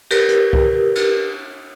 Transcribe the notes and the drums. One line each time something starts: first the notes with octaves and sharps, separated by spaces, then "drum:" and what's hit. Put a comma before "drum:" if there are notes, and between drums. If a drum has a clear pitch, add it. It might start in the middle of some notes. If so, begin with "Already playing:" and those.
G4 A#4 B4, drum: cymbal
drum: hi-hat
drum: kick C2
drum: cymbal